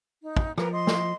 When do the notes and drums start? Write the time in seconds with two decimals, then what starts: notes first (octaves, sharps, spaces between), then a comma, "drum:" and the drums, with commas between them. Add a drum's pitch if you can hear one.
0.24 D#4
0.37 drum: kick
0.58 F3 A#4 B4 A#5, drum: rim click
0.72 D#5 C6
0.87 drum: snare